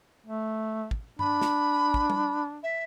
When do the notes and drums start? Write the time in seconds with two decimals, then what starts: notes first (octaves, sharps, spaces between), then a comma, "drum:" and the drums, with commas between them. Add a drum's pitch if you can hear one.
0.26 A3
0.91 drum: kick
1.19 D4 B5, drum: tom G2
1.41 drum: snare
1.94 drum: kick
2.10 drum: tom G3
2.63 E5